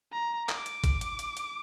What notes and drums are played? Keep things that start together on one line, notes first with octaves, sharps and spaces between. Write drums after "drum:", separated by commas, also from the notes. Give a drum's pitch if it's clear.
A#5
D6, drum: clap
drum: hi-hat
drum: kick, hi-hat
drum: hi-hat
drum: hi-hat
drum: hi-hat